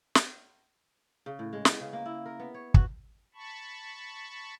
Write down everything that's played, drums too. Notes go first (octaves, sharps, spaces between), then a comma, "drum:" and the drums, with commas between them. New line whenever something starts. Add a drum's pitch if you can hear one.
drum: snare
C#3
A2
G#3
B3, drum: snare
C#3
A#3
E4
A#4
B3
C#5
F#4, drum: kick
A5 B5 C#6